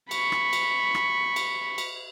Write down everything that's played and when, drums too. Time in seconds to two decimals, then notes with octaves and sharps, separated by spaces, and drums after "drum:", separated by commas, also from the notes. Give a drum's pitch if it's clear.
0.11 B5 C#6, drum: cymbal
0.32 drum: rim click
0.53 drum: cymbal
0.95 drum: rim click
1.36 drum: cymbal
1.78 drum: cymbal